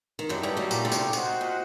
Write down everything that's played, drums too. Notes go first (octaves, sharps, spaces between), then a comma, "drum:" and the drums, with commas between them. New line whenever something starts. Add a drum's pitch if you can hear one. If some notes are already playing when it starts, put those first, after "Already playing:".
D#3
F#2 F#3 A3 D#4 G4 D5
G2 G3
F#2 F#3
A#2, drum: tambourine
D3
C3, drum: tambourine
C3 F#4 C5 D#5 F#5, drum: tambourine
A#2